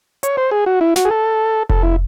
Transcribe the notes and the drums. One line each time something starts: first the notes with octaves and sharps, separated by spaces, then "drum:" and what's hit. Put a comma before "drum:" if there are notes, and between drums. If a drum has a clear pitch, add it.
C#5, drum: hi-hat
C5
G#4
F#4
E4
F#4, drum: snare
G#4
A4
A4, drum: kick F1
E4